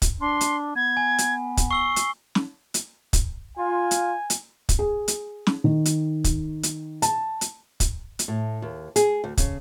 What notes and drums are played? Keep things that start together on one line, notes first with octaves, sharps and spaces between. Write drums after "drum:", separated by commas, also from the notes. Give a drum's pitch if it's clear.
drum: kick, hi-hat
D4 C6
drum: hi-hat
B3 G#6
G#5
drum: hi-hat
drum: kick, hi-hat
C#6 E6 C7 G7
drum: hi-hat
drum: snare
drum: hi-hat
drum: kick, hi-hat
F4 G#5
drum: hi-hat
drum: hi-hat
drum: kick, hi-hat
G#4
drum: hi-hat
drum: snare
D#3
drum: hi-hat
drum: kick, hi-hat
drum: hi-hat
A5, drum: hi-hat
drum: hi-hat
drum: kick, hi-hat
drum: hi-hat
A2
D#2
G#4, drum: hi-hat
D2
C#3, drum: kick, hi-hat